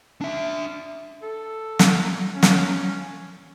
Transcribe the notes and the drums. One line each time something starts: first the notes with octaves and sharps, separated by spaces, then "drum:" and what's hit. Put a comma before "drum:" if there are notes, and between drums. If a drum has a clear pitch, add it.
D4 E5
A4
drum: snare
C#4
drum: snare